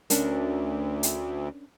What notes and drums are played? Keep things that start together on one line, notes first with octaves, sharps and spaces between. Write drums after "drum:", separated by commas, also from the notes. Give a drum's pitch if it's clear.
D2 C#4 D4 A#4, drum: hi-hat
drum: hi-hat